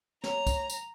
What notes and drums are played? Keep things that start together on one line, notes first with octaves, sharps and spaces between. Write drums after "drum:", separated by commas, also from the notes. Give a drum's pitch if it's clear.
C#5 A#5, drum: snare
drum: kick, tambourine
drum: tambourine